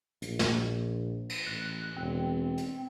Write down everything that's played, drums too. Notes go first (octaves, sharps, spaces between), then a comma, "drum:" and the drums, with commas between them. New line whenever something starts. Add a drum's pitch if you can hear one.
A#1, drum: hi-hat
drum: snare
drum: cymbal
A1 F#6
E1 C4
drum: hi-hat